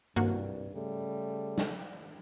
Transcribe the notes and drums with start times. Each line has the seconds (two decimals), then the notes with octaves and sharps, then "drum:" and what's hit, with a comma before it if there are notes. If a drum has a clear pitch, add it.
0.16 C2 G2 A#3 F#4, drum: tom G2
0.74 C#3 G3 A3
1.58 drum: snare